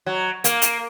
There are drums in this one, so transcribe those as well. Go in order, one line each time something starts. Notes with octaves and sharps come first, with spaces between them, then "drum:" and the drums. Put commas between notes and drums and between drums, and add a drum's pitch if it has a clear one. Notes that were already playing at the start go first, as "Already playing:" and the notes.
F#3
A#3, drum: hi-hat
drum: hi-hat